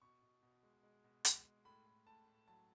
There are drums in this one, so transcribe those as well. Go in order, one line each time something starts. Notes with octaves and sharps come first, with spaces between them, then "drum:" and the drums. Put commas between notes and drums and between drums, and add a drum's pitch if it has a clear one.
B2 C#6
B2
B2
G#3
G#3
B2
G#3, drum: hi-hat
G#3
A2 B5
A2
A2 A5
A2
F#3 A5